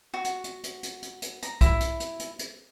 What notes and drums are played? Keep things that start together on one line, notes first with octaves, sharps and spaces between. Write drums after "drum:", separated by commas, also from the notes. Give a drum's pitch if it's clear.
F#4
drum: hi-hat
drum: hi-hat
drum: hi-hat
drum: hi-hat
drum: hi-hat
drum: hi-hat
A#5, drum: hi-hat
E4, drum: kick, hi-hat
drum: hi-hat
drum: hi-hat
drum: hi-hat
drum: hi-hat